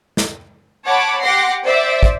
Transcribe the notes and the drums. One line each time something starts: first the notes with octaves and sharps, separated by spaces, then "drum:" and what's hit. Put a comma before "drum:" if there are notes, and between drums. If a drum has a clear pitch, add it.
drum: snare
C#5 F#5 A5 B5 D6
G4 F#5 C6 D6 A#6 C7
C5 D5 E5
drum: kick